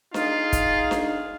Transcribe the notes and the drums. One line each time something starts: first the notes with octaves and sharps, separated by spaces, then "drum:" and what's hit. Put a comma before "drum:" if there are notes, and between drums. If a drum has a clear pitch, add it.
D#4 F4 G#4 F5, drum: snare D4
drum: kick, hi-hat
drum: snare D4